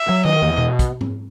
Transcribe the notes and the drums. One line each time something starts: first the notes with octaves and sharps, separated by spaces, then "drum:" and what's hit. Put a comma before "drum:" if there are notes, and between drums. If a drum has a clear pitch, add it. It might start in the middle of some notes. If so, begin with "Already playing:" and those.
Already playing: E5
F#3
D#3 D#5
E2
B2
drum: kick, hi-hat
drum: tom G#2